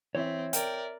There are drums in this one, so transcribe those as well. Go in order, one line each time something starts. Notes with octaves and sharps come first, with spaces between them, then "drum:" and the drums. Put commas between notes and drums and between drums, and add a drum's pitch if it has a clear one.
E3 C4 C#5 E5
A#4 D5 G5, drum: hi-hat